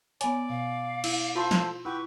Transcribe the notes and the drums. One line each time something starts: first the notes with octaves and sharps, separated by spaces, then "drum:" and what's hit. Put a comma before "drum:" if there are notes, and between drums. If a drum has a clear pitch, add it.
B3 C#5 D5 G#5, drum: hi-hat
B2 F5
E4, drum: cymbal
F4 A4 C5 C6
drum: snare
E4 G4 B4 F#5 C#6